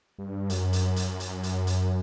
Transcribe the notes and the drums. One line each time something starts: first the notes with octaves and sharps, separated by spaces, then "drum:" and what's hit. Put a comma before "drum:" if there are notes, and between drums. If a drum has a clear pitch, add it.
G2
F#2, drum: hi-hat
drum: hi-hat
drum: hi-hat
drum: hi-hat
drum: hi-hat
drum: hi-hat